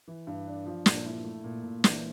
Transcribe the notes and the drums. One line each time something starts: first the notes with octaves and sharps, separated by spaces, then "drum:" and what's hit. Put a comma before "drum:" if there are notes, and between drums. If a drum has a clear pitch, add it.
E3
G2
D4
F3
A#2, drum: snare
E4
A3
A#2
A#2
E3, drum: snare